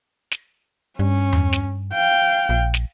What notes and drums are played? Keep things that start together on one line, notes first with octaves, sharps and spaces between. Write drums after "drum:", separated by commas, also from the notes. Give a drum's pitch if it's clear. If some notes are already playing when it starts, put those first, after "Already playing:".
drum: snare
G2 C#4
drum: tom E2
drum: snare
F5 G5
A#1
drum: snare